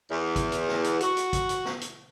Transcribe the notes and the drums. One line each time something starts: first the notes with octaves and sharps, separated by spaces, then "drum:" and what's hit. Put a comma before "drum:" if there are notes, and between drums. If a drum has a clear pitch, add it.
E2
drum: kick, hi-hat
drum: hi-hat
drum: snare
drum: hi-hat
F#4, drum: hi-hat
drum: hi-hat
drum: kick, hi-hat
drum: hi-hat
drum: snare
drum: hi-hat